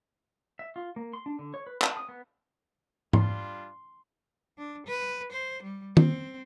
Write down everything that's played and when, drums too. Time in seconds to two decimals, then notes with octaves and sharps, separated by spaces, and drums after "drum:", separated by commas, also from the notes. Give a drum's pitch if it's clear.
0.59 E5
0.76 F4
0.96 A#3
1.13 C6
1.26 D4
1.39 D3
1.54 C#5
1.67 B4
1.82 A5, drum: clap
1.97 D#6
2.09 B3
3.13 G3 D4 F4 C6, drum: tom G#2
4.58 D4
4.87 B4
5.32 C5
5.63 G3
5.97 C4, drum: tom D#3